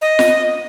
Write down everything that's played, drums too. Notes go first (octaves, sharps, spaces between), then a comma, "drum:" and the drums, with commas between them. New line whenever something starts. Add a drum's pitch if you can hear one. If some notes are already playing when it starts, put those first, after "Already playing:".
D#5
drum: snare F4